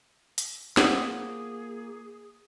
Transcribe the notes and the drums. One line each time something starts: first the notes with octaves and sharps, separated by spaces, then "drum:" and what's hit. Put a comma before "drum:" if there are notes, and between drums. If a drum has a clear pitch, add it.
drum: hi-hat
A#3 F4 G#4 C5 F#5 D#6, drum: snare